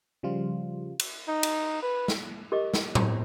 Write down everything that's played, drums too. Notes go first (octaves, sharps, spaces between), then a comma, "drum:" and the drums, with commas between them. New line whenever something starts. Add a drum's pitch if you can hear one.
C#3 F3 G3 F4
drum: cymbal
D#4
drum: cymbal
B4
drum: snare
G4 A#4 D#5 D6
drum: snare
drum: tom A2